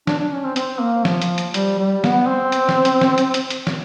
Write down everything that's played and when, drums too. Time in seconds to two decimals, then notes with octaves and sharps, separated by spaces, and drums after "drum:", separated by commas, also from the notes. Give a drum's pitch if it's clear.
0.07 D4, drum: snare
0.19 D4
0.32 C#4
0.44 C4
0.56 C4, drum: hi-hat
0.80 A#3
1.05 F3, drum: snare
1.22 drum: hi-hat
1.38 drum: hi-hat
1.54 G3, drum: hi-hat
1.79 G3
2.04 B3, drum: snare
2.28 C4
2.52 drum: hi-hat
2.69 drum: snare
2.85 drum: hi-hat
3.01 drum: snare
3.18 drum: hi-hat
3.34 drum: hi-hat
3.50 drum: hi-hat
3.67 drum: snare